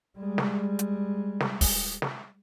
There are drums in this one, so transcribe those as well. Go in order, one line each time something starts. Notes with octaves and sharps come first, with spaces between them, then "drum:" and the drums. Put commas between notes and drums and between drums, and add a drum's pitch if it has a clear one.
G3 G#3
drum: snare
drum: hi-hat
drum: snare
drum: kick, open hi-hat
drum: snare